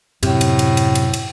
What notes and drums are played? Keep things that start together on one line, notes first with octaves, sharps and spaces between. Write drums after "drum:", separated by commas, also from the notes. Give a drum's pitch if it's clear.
F#2 A2 C3, drum: cymbal
drum: cymbal
drum: cymbal
drum: cymbal
drum: cymbal
drum: cymbal